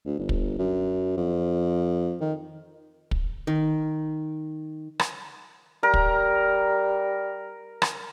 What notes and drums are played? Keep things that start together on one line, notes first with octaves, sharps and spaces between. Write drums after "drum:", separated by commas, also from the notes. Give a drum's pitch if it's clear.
D2
G1
drum: kick
F#2
F2
D#3
drum: kick
D#3
drum: rim click
G3 A#4
drum: kick
drum: rim click